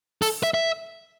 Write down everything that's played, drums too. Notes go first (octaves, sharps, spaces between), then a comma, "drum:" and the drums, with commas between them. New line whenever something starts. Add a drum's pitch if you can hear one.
A4, drum: open hi-hat
E5
E5